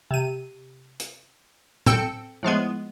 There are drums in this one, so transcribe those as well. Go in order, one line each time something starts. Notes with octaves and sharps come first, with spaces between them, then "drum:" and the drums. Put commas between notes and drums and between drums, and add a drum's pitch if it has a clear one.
C3 D#7
drum: hi-hat
C4 A4 G5 E6 C#7, drum: tom A2
A2 F3 G#3 B3